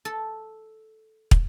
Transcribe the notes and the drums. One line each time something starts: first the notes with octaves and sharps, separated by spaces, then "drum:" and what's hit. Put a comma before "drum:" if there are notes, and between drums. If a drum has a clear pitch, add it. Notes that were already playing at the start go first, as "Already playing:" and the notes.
A4
drum: kick